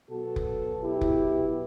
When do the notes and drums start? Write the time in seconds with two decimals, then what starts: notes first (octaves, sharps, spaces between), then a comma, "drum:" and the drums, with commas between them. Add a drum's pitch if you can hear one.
0.10 B2 F#3 B3 F#4 A4
0.36 drum: kick F1
0.83 E4 G4
1.01 drum: kick F1